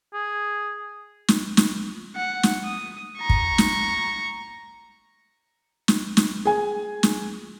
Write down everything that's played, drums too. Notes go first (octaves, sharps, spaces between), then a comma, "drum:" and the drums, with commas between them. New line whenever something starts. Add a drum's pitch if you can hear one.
G#4
drum: snare
drum: snare
F#5
drum: snare
D#6
A#5 C#6
drum: kick
drum: snare
drum: snare
drum: snare
G#4 G#5
drum: snare